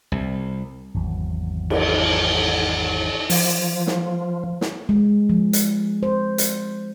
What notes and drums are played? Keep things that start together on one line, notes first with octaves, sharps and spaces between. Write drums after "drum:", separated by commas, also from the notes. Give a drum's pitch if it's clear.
C2
G#1 E2 F#3
drum: cymbal
F3, drum: open hi-hat
drum: snare
drum: snare
G#3
F3
drum: hi-hat
C5
drum: hi-hat